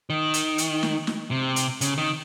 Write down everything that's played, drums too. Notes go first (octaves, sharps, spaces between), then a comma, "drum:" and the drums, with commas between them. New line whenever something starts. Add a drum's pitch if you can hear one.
D#3
drum: hi-hat
drum: hi-hat
drum: snare
drum: snare
C3
drum: hi-hat
C#3, drum: hi-hat
D#3